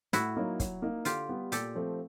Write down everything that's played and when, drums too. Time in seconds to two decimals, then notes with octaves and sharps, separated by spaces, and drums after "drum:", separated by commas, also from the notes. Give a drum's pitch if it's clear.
0.13 A2 E4 F#4, drum: hi-hat
0.36 F#3 A#3 D#4
0.60 F#3, drum: kick, hi-hat
0.82 A#3 D#4
1.05 D3 F4 G4, drum: hi-hat
1.29 G3 B3
1.52 A#2 G4 A4, drum: hi-hat
1.75 F3 A3 C4